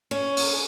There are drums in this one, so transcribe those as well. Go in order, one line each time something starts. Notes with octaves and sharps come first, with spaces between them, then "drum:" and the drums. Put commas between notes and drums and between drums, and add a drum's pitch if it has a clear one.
C#4
drum: open hi-hat